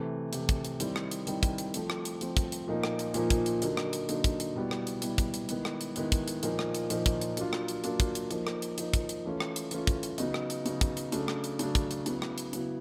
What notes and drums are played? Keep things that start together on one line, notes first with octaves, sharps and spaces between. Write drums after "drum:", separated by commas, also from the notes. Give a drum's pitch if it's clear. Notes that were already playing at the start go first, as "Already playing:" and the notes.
Already playing: C3 E3 A3
C3 E3 A3, drum: hi-hat
drum: kick, hi-hat
drum: hi-hat
D#3 G3 C4 E4, drum: hi-hat
drum: rim click
drum: hi-hat
D#3 G3 C4 E4, drum: hi-hat
drum: kick, hi-hat
drum: hi-hat
F3 A3 C4, drum: hi-hat
drum: rim click
drum: hi-hat
F3 A3 C4, drum: hi-hat
drum: kick, hi-hat
drum: hi-hat
A#2 F3 A#3 D#4
drum: rim click
drum: hi-hat
A#2 F3 A#3 D#4, drum: hi-hat
drum: kick, hi-hat
drum: hi-hat
D3 F#3 A#3 D#4, drum: hi-hat
drum: rim click
drum: hi-hat
D3 F#3 A#3 D#4, drum: hi-hat
drum: kick, hi-hat
drum: hi-hat
B2 G3 B3 E4
drum: rim click
drum: hi-hat
B2 G3 B3 E4, drum: hi-hat
drum: kick, hi-hat
drum: hi-hat
D#3 G#3 B3 E4, drum: hi-hat
drum: rim click
drum: hi-hat
D#3 G#3 B3 E4, drum: hi-hat
drum: kick, hi-hat
drum: hi-hat
A#2 F3 A#3 D#4, drum: hi-hat
drum: rim click
drum: hi-hat
A#2 F3 A#3 D#4, drum: hi-hat
drum: kick, hi-hat
drum: hi-hat
F#3 A#3 D4 F4, drum: hi-hat
drum: rim click
drum: hi-hat
F#3 A#3 D4 F4, drum: hi-hat
drum: kick, hi-hat
drum: hi-hat
F3 A#3 D#4, drum: hi-hat
drum: rim click
drum: hi-hat
F3 A#3 D#4, drum: hi-hat
drum: kick, hi-hat
drum: hi-hat
E3 A3 C#4 F4
drum: rim click
drum: hi-hat
E3 A3 C#4 F4, drum: hi-hat
drum: kick, hi-hat
drum: hi-hat
C#3 F#3 B3 D#4, drum: hi-hat
drum: rim click
drum: hi-hat
C#3 F#3 B3 D#4, drum: hi-hat
drum: kick, hi-hat
drum: hi-hat
C#3 F#3 A3 D4, drum: hi-hat
drum: rim click
drum: hi-hat
C#3 F#3 A3 D4, drum: hi-hat
drum: kick, hi-hat
drum: hi-hat
C#3 F#3 B3 E4, drum: hi-hat
drum: rim click
drum: hi-hat
C#3 F#3 B3 E4, drum: hi-hat